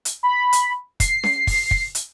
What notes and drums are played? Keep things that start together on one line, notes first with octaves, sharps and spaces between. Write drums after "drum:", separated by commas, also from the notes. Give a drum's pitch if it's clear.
drum: hi-hat
B5
drum: hi-hat
C7, drum: kick, hi-hat
drum: snare C#4
drum: kick, open hi-hat
drum: kick
drum: hi-hat